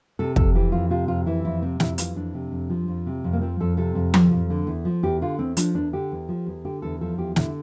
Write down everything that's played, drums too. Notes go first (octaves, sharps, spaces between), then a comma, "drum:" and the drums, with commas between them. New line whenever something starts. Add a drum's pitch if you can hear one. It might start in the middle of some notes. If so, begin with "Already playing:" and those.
C3 A4
F2 A4, drum: kick
E3 G4
F2 F4
C3 F4
F2 F4
E3 E4
F2 E4
C3 C4
F2 E4, drum: snare
E3 F4, drum: hi-hat
F2 D4
C3
F2
F3
F2
C3
F2
A#3
F3 C4
F2 A4
C3 A4
F2
F3, drum: tom F3
F2
D3
E2
F3
E2 G4
D3 F4
E2 C4
F3 D4, drum: hi-hat
E2 D4
D3 G4
E2
F3
E2
D3 G4
E2 A4
F3 A4
E2 G4
D3 E4, drum: snare